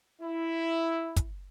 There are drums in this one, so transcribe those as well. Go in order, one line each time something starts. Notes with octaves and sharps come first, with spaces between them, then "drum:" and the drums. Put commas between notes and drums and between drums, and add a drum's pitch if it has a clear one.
E4
drum: kick, hi-hat